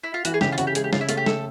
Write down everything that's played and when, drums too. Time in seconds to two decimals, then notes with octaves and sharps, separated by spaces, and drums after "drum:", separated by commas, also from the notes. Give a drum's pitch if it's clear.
0.03 E4
0.14 F4
0.25 E3 F#4, drum: hi-hat
0.34 G#4
0.41 C#3 G4, drum: snare
0.52 F4
0.58 C#3 F#4, drum: hi-hat
0.67 G4
0.75 G#3 G#4, drum: hi-hat
0.84 G4
0.93 C#3 F4, drum: snare
1.01 E4
1.09 A3 F4, drum: hi-hat
1.17 G4
1.26 A4, drum: snare